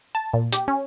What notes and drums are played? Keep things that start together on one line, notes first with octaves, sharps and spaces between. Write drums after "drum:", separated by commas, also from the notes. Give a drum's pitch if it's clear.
A5
A#2
G4, drum: hi-hat
C#4